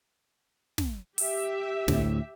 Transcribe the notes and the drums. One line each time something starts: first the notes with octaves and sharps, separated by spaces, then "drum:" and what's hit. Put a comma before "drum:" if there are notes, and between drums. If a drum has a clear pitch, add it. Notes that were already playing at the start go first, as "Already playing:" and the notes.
drum: snare
G4 E5, drum: open hi-hat
D2 A2, drum: snare